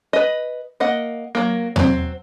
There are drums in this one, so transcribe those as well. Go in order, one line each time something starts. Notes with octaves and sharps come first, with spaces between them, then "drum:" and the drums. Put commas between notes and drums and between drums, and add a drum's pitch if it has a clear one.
B4 D#5
A#3 D#5 F#5
F#3 A#3
F#3 C4, drum: tom E2